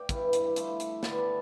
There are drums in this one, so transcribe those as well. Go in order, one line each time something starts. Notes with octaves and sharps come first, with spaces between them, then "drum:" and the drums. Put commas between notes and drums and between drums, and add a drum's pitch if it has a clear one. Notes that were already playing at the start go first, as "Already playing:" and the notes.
Already playing: D5 G5
G2 E3 B3 E4, drum: kick, hi-hat
drum: hi-hat
F3 A3 E4, drum: hi-hat
drum: hi-hat
D3 G3 B3 A5, drum: snare
B5